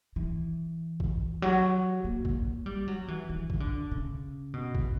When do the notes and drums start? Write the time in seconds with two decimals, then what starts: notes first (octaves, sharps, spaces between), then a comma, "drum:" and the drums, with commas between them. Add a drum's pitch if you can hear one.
0.16 E3
1.00 drum: kick
1.42 F#3
2.05 A#3
2.25 drum: kick
2.66 G3
2.88 F#3
3.08 E3
3.30 E3
3.50 drum: kick
3.60 D3
3.91 C#3
4.54 B2
4.75 drum: kick